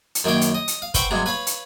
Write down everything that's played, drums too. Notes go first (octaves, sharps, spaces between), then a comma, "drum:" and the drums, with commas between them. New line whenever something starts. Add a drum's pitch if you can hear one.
drum: hi-hat
F#2 D#3 A#3 C#5 F5 G5
drum: hi-hat
D#5
drum: hi-hat
F5
B4 C5 E5 F#5 G5 C#6, drum: kick, hi-hat
G2 C3 F#3 G#3
B4 C#5 F5 B5
drum: hi-hat